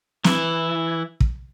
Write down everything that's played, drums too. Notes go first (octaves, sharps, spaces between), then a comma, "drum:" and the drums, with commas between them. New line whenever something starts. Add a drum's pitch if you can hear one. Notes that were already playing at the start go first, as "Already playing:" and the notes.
E3 E4, drum: snare
drum: kick